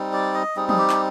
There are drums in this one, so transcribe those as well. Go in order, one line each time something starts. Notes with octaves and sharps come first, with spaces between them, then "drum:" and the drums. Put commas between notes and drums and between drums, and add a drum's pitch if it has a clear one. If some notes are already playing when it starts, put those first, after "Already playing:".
Already playing: G3 C4 D#4
D5
D#5
G3 C4 D#4 G#4
G#4, drum: tom
G4
drum: clap